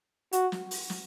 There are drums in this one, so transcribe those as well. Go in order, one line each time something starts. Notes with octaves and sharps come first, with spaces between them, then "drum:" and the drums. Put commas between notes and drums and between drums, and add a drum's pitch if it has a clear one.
F#4, drum: hi-hat
drum: snare
drum: open hi-hat
drum: snare